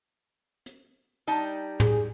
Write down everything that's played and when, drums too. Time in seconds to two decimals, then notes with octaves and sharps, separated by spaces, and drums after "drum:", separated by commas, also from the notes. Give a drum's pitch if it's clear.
0.66 drum: hi-hat
1.27 G3 D#4 A5
1.80 G#4, drum: tom